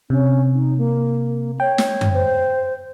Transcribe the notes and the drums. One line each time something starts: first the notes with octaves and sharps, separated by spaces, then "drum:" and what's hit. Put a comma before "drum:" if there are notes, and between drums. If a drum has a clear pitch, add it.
C3 C#4
D#4
A#3
C#5 G5
drum: snare
drum: tom F#2
C5